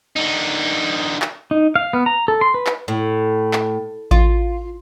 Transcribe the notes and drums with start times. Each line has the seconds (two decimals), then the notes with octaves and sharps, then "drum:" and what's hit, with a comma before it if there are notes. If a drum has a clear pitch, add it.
0.16 D3 D#4
1.22 drum: clap
1.51 D#4
1.76 F5
1.93 B3
2.06 A#5
2.28 A4
2.41 C6
2.54 B4
2.66 drum: clap
2.88 A2
3.53 drum: clap
4.11 F4, drum: kick A1